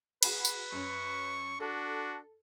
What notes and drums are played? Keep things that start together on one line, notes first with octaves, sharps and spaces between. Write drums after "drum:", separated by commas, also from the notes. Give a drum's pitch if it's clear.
F#4 G#4 B4 B5, drum: cymbal
drum: tambourine
F#2 C#4 C#6
D4 F#4 A4